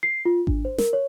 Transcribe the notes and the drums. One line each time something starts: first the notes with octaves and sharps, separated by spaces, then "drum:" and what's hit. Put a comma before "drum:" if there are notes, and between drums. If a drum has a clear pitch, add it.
C7
F4
D4, drum: kick G#1
C5
A#4, drum: snare
C#5